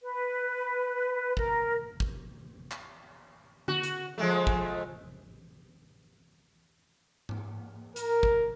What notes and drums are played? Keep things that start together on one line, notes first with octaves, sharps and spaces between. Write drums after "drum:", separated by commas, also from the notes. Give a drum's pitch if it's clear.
B4
A#4, drum: kick
drum: kick
drum: clap
F#4, drum: tom D3
drum: hi-hat
F3 G#3 A3
drum: kick
drum: tom G#2
A#4, drum: hi-hat
drum: kick